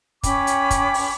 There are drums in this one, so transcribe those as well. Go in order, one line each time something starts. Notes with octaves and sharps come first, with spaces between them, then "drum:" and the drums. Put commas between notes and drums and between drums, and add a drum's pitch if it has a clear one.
C#4 G5 B5 D6, drum: kick, hi-hat
drum: hi-hat
drum: kick, hi-hat
drum: open hi-hat